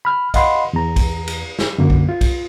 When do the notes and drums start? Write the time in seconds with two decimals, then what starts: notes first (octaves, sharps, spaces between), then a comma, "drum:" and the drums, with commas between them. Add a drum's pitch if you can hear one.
0.05 B5 F6
0.34 D#5 F5 F#5 B5 C6, drum: kick B1, cymbal
0.73 E2 A#5
0.96 drum: kick B1, cymbal
1.27 drum: cymbal
1.59 drum: snare
1.78 F#2 D3 A#3
1.90 drum: kick B1
2.09 F4
2.21 drum: kick B1, cymbal